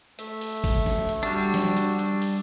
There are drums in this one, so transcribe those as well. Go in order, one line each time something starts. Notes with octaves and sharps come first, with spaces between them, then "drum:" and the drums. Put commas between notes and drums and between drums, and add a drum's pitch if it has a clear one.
A3 E5, drum: hi-hat
drum: open hi-hat
drum: kick, open hi-hat
drum: snare
drum: hi-hat
G3 D4 F#4 E6
drum: snare
drum: hi-hat
drum: hi-hat
drum: open hi-hat